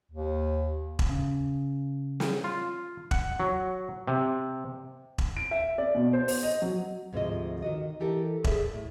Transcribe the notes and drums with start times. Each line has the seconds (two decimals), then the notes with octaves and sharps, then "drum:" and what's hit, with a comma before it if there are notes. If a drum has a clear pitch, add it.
0.12 D#2
0.99 drum: kick E1
1.09 C#3
2.20 drum: snare
2.44 F4
3.11 F#5, drum: kick E1
3.40 F#3
4.07 C3
5.18 drum: kick E1
5.37 D7
5.51 E5
5.78 D5
5.95 B2
6.13 C5
6.28 C5, drum: open hi-hat
6.43 D#5
6.62 F#3
7.13 D2 G#2 C3 F3 F4 D#5
7.62 D#3 F#4 D#5
8.00 E3 G4 A4 A#4
8.44 G#4 C5 D5 E5, drum: kick E1
8.73 A2